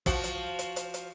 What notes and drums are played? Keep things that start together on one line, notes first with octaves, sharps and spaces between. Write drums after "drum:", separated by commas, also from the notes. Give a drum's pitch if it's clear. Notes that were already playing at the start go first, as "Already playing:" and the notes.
F3 F#4, drum: kick, hi-hat
drum: hi-hat
drum: hi-hat
drum: hi-hat
drum: hi-hat